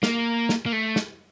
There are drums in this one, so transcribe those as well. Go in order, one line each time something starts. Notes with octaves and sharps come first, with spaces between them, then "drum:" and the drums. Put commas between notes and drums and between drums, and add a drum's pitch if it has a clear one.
A#3, drum: snare
drum: snare
A#3
A3
drum: snare